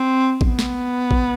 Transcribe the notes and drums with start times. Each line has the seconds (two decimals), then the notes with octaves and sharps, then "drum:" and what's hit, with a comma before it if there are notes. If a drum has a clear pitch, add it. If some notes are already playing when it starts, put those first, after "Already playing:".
Already playing: C4
0.41 B3, drum: kick A1
0.59 drum: snare
1.11 drum: kick A1